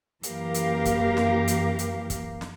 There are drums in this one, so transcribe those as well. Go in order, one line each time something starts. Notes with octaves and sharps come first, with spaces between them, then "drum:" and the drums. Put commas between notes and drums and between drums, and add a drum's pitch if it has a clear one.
F#2 E3 A#3 G4 A#4 F5, drum: hi-hat
drum: hi-hat
drum: kick, hi-hat
drum: snare
drum: hi-hat
drum: hi-hat
drum: kick, hi-hat
drum: snare